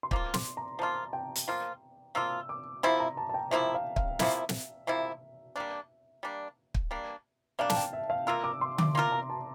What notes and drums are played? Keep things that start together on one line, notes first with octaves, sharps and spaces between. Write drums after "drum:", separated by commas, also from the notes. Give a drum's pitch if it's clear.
C6
F3 A#3 F4 D6, drum: kick
C6, drum: snare
A#5
F3 A#3 F4 A5
G5
drum: hi-hat
F3 A#3 F4
F3 A#3 F4 E6
D6
C3 F3 A#3 E4 C6
A#5
A5
A5
G5
C3 F3 A#3 E4 E5
F5
F5, drum: kick
C3 F3 A#3 E4 E5, drum: snare
drum: snare
C3 F3 A#3 E4 E5
G3 A#3 D4
G3 A#3 D4
drum: kick
G3 A#3 D4
G3 A#3 D4 F5
A5, drum: snare
G5
E5
F5
A#3 F4 A#4 E6
D6
C6
D6, drum: tom D3
A#3 F4 A#4 C6
A#5
A5